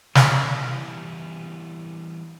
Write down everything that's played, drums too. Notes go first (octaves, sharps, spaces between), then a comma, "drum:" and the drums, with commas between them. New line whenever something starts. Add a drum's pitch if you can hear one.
F#3 C#4 D4, drum: snare
A#3 B3 E4 F#4 G#4 D5
E3 G3 B3 E4